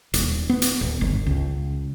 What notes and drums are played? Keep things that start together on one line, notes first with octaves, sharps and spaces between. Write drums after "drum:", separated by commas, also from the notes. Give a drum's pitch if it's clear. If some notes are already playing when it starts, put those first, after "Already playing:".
D#1, drum: hi-hat
B3
drum: hi-hat
D1
G1
C#2